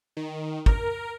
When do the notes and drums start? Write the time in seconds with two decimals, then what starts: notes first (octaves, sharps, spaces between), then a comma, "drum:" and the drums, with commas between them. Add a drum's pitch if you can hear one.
0.17 D#3
0.66 A#4, drum: kick